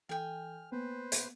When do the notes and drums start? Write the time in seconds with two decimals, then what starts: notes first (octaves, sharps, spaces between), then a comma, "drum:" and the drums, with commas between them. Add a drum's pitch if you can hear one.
0.09 E3 A4 G5 G#5 F6 G6
0.72 A#3 B3 B4 C5
1.12 drum: hi-hat